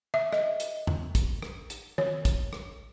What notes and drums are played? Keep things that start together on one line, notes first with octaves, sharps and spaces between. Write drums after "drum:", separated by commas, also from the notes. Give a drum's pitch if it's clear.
E5
D#5, drum: rim click
drum: hi-hat
drum: tom E2
drum: kick, hi-hat
drum: rim click
drum: hi-hat
C#5, drum: tom D#3
drum: kick, hi-hat
drum: rim click